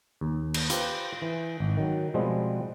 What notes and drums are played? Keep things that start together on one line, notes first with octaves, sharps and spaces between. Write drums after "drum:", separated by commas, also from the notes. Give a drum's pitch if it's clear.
D#2
drum: cymbal
F4 G4 B4 C5 F5, drum: hi-hat
E3
G#1
D#3 F#3
B2 F3 G3 G#3 B3 C4